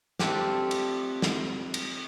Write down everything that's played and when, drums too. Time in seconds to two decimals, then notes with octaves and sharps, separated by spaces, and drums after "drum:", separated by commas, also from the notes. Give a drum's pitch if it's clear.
0.19 A3 C4 D4 F4 G4, drum: snare
0.71 drum: cymbal
1.22 drum: snare
1.74 drum: cymbal